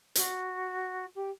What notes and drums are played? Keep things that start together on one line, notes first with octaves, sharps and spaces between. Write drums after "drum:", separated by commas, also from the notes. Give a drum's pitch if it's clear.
F#4, drum: hi-hat
G4